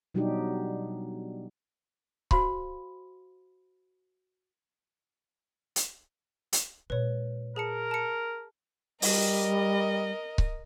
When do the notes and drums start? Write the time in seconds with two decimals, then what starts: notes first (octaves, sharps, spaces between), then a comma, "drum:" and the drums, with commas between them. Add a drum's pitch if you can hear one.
0.14 B2 F#3 G3 D4 D#4 G4
2.31 F#4 C5 F5 B5 C6, drum: kick C#1
5.76 drum: hi-hat
6.53 drum: hi-hat
6.90 A#2 G#3 B4 C#5
7.56 G#4 A#4 A5 C#7
7.91 A5 C#7
9.02 G3 A#4 D#5, drum: open hi-hat
10.38 drum: kick C#1